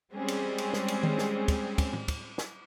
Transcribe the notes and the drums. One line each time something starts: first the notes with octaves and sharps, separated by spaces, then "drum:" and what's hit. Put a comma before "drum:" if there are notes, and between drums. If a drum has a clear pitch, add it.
G3 G#3 C4 C#4 G#4
drum: cymbal
drum: cymbal
drum: snare
drum: cymbal
drum: tom D#3
drum: snare
drum: kick, cymbal
drum: kick, cymbal
drum: tom A2
drum: kick, cymbal
drum: snare